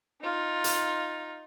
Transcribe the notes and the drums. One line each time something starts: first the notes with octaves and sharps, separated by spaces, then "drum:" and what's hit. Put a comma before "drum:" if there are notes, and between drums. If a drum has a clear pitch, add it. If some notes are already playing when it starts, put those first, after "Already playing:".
D#4 F4
drum: hi-hat